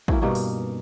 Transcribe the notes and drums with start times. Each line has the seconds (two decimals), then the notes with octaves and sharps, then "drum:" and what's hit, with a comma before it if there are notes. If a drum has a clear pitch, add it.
0.08 A#3 C#4 E4 F#4, drum: kick
0.22 G2 B2 A#3 D#4
0.35 drum: open hi-hat